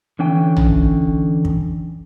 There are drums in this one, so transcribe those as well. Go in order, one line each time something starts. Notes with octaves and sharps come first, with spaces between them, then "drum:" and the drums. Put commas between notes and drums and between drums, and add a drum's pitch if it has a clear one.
D3 E3 C#4 G5
drum: tom
drum: kick